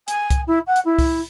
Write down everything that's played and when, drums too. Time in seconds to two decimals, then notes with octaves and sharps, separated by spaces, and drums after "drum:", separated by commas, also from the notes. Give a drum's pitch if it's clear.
0.08 G#5, drum: hi-hat
0.30 drum: kick C2, hi-hat
0.47 E4
0.67 F#5
0.76 drum: hi-hat
0.85 E4
0.99 drum: kick C2, open hi-hat